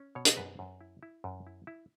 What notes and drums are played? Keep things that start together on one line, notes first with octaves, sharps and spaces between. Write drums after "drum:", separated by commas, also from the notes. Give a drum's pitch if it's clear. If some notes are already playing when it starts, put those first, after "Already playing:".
Already playing: C#4
B2 C#5
drum: hi-hat
F#2 B4
F#2
E4
E4
F#2
E4
E4